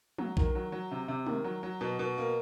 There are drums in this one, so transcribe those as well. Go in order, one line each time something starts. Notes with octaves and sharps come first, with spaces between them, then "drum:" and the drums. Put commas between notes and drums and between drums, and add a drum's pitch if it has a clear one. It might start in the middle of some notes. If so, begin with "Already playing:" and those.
F#3, drum: tom
D#3, drum: kick A#1
F#3
F#3
C3
C3
D#3, drum: tom
F#3
F#3
B2
B2
A#3